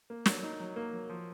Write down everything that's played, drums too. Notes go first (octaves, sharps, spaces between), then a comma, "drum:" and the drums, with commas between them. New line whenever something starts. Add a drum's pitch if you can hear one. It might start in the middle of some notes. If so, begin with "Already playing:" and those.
A#3
F#3, drum: snare
D#4
F#3
A#3
F#3
F3